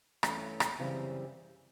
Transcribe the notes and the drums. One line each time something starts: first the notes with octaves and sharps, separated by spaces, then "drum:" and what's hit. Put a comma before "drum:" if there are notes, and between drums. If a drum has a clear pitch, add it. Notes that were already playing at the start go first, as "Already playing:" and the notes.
G2 E3 A3 C#4, drum: rim click
drum: rim click
F#2 C#3 E3 G3 C4